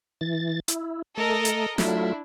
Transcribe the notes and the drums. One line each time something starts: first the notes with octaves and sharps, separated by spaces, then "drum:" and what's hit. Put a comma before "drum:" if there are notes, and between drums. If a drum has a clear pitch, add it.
E3 A6
E4, drum: hi-hat
A3 A4 A#4 D#5
drum: hi-hat
F#3 A3 D4 E4 F4, drum: snare